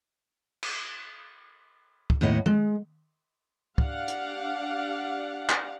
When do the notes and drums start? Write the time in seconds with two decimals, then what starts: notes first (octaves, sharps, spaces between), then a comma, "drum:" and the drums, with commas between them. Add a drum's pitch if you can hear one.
0.63 drum: cymbal
2.10 drum: kick
2.21 D#2 A2 B3 D#5 F#5
2.46 G#3, drum: tom
3.78 D4 G4 D5 F5 F#5, drum: kick
4.08 drum: hi-hat
5.49 drum: clap